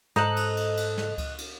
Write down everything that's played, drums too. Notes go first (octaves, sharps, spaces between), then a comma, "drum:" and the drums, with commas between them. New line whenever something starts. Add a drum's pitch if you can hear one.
G#2 A4 C5 D#5 A#5 F#6, drum: snare
drum: cymbal
drum: cymbal
drum: cymbal
drum: snare
drum: kick C#2, cymbal
drum: cymbal